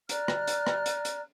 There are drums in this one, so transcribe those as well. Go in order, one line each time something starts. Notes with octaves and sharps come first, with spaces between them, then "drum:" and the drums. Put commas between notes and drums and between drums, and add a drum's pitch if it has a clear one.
D5 A#5 F6 F#6, drum: hi-hat
drum: rim click
drum: hi-hat
drum: rim click
drum: hi-hat
drum: hi-hat